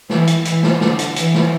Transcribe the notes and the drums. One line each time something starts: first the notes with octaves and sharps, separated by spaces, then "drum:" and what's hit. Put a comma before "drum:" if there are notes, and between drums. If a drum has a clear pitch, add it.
E3, drum: snare
drum: hi-hat
E3, drum: hi-hat
drum: snare
D3, drum: snare
drum: hi-hat
E3, drum: hi-hat
drum: snare